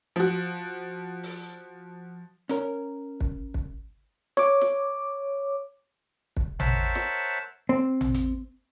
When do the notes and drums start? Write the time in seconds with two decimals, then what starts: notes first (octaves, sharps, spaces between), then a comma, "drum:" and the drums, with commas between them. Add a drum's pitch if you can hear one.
0.16 F3 F#4
1.23 drum: open hi-hat
2.49 C#4 A#4, drum: hi-hat
3.20 drum: kick
3.54 drum: kick
4.37 C#5 D6, drum: snare
4.61 drum: snare
6.37 drum: kick
6.60 A#4 C5 C#5 E5 F#5 A5, drum: tom A1
6.95 drum: snare
7.69 C4
8.01 drum: tom A1
8.15 drum: hi-hat